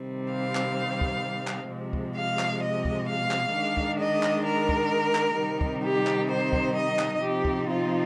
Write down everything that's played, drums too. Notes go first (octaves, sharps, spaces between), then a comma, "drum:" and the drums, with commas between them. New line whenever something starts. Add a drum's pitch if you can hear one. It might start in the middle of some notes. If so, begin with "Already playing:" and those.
Already playing: C3 D#3 G3 C4
F5
drum: clap
drum: kick
drum: clap
C3 F3 G#3
drum: kick
F5
drum: clap
D#5
drum: kick
F5
drum: clap
D#3 G#3 D4
drum: kick
D#5
drum: clap
A#4
drum: kick
drum: clap
C3 D#3 G3 C4 D#4
drum: kick
G4
drum: clap
C5
drum: kick
D#5
drum: clap
C3 F3 C4 D#4 G4
drum: kick
F4